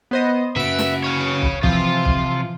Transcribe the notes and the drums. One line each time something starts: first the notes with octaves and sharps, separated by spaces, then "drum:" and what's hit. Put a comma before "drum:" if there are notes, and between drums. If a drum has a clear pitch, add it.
B3 C5 D#5
C#3 F#4 B4 E5 D7
drum: snare
C#5 F5
drum: kick
C3 E3 F3 F4, drum: kick
drum: kick